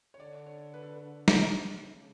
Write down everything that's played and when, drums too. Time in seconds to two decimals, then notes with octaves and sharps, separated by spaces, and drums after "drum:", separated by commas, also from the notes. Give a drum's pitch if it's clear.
0.14 C#5
0.19 D3 D5
0.46 C#5
0.74 B4
0.82 A4
0.92 B4
1.28 drum: snare
1.82 C#3